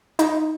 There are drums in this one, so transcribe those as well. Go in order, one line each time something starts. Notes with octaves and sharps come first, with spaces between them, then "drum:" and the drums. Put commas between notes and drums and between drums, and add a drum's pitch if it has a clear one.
D#4, drum: hi-hat